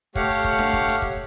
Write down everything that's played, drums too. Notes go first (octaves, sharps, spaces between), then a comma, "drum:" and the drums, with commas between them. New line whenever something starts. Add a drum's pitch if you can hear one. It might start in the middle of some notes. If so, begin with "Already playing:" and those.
A3 G4 C#5 F5 F#5, drum: kick
drum: hi-hat
drum: kick
drum: snare D4
drum: kick
drum: hi-hat
drum: kick